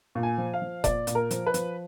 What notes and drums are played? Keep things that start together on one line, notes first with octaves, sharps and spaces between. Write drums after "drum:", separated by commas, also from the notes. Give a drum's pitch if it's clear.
A#2
G#5
F3
F5
F3
A#2 D5, drum: kick F1, hi-hat
A#2, drum: hi-hat
A#4
F3, drum: hi-hat
B4
F3, drum: hi-hat